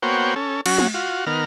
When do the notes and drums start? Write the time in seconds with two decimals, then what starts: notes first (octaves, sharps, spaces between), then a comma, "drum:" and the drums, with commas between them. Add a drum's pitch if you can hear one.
0.02 A#3 B3 F#4 C5 C#5 G5
0.36 C#4 A4
0.66 F#3 C#4 F#4, drum: cymbal
0.78 drum: tom
0.94 F4 F#4
1.27 D#3 B3 A#4 F6